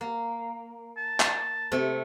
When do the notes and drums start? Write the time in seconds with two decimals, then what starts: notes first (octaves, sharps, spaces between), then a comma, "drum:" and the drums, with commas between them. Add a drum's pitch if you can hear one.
0.01 A#3
0.97 A5
1.20 drum: clap
1.72 C3 A3